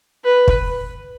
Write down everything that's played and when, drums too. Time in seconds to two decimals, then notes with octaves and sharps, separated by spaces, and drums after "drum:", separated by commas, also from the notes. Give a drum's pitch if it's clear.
0.24 B4
0.48 drum: kick